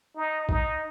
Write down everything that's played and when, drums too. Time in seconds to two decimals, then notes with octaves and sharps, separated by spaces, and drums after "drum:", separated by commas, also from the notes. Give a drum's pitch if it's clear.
0.16 D#4
0.49 D#4, drum: kick A#1